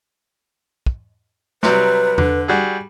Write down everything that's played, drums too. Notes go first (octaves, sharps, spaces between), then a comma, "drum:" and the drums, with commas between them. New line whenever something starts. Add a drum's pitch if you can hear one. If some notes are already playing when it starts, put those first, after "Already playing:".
drum: kick
C3 F#3 G3 B4, drum: snare
D3, drum: tom E2
G3 F#4 G#4